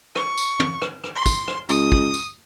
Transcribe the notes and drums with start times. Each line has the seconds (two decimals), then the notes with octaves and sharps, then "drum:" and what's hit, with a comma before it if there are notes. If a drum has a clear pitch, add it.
0.15 C#6, drum: rim click
0.38 drum: tambourine
0.60 drum: tom
0.82 drum: rim click
1.04 drum: rim click
1.15 C6
1.26 drum: kick, tambourine
1.48 drum: rim click
1.69 C#2 D#6, drum: tambourine
1.92 drum: kick
2.14 drum: tambourine